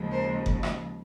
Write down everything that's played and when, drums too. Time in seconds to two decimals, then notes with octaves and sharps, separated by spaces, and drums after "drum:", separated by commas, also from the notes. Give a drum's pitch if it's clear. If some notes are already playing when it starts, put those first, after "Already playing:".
Already playing: D#2 C#3 F3 G#3
0.12 A#4 C5
0.46 drum: kick F#1
0.63 drum: rim click